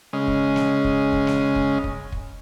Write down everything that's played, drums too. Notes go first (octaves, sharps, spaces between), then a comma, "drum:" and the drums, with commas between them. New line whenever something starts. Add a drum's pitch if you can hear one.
C#3 G#3 C#4 D#5
drum: kick
drum: snare
drum: kick
drum: kick
drum: snare
drum: kick
drum: kick
drum: kick